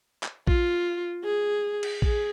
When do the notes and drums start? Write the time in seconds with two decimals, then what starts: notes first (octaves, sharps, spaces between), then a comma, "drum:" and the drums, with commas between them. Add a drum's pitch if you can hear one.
0.23 drum: clap
0.47 F4, drum: kick A#1
1.24 G#4
1.83 drum: cymbal
2.02 G#4, drum: kick A#1